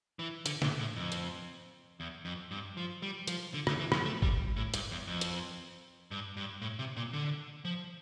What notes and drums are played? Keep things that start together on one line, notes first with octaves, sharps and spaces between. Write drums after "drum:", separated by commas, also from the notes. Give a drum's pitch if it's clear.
E3
D3, drum: hi-hat
A#2, drum: snare
A2
F2
drum: hi-hat
E2
F2
G2
F3
G3
F3, drum: hi-hat
D3
D3, drum: rim click
E3
F3, drum: rim click
A3
G3, drum: kick
A2
G2, drum: hi-hat
E2
F2
drum: hi-hat
G2
G2
A2
C3
A#2
D3
F3